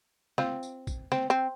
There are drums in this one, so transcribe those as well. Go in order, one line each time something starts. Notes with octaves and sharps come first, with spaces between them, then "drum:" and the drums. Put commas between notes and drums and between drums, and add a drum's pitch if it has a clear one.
C4 F4, drum: snare
drum: tambourine
drum: kick, tambourine
C4, drum: snare
C4